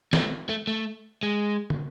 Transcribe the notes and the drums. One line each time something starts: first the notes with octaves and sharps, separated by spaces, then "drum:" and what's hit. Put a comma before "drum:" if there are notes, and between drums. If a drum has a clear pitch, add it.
A3, drum: snare
A3
A3
G#3
drum: tom